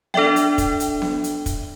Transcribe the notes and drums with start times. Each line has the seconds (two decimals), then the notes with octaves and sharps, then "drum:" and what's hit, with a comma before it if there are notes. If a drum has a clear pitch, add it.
0.14 D4 A4 D5 E5 G5, drum: snare B3
0.36 drum: hi-hat
0.58 drum: kick, hi-hat
0.80 drum: hi-hat
1.02 drum: snare B3
1.24 drum: hi-hat
1.46 drum: kick, hi-hat